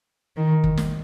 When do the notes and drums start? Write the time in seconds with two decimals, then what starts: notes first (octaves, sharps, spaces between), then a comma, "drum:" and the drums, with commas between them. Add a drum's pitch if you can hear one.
0.37 D#3
0.64 drum: kick
0.77 drum: snare